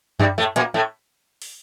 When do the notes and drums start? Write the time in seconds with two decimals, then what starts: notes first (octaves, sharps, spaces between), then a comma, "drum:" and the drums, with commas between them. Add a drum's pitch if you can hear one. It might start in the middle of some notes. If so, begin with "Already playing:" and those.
0.19 G2 G3, drum: tom F#2
0.38 A2 A3
0.56 A#2 A#3, drum: hi-hat
0.74 A2 A3
1.42 drum: open hi-hat